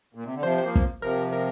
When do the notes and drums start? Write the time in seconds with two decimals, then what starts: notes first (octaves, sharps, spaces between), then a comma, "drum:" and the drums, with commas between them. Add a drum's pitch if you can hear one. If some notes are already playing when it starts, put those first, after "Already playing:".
0.15 A#2
0.25 C3
0.35 D3
0.43 C3 F3 C5
0.58 C5
0.63 F3 A#3
0.75 drum: kick
1.02 C3 F3 A#4
1.32 A#4